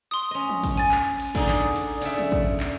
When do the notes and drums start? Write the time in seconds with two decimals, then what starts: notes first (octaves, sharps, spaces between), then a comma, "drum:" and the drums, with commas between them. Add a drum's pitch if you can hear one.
0.11 C6 D#6
0.31 C#4 D#5
0.49 drum: tom F3
0.63 drum: kick A1, cymbal
0.77 G#5 A6
0.92 drum: clap
1.20 drum: cymbal
1.35 D3 D#4 G#4 D5, drum: kick A1
1.48 drum: clap
1.76 drum: cymbal
2.02 C#3 E5, drum: cymbal
2.18 drum: tom F3
2.32 drum: kick A1
2.60 drum: clap